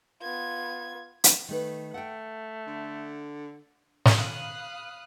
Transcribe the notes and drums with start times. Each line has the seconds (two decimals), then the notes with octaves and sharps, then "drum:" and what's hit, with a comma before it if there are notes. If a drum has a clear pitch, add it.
0.22 B3 F4 G#6
1.24 drum: hi-hat
1.48 D#3 A3 B4
1.94 A3 F#5 G5
2.67 D3
4.05 drum: snare
4.18 F5 B5 D#6 F6 F#6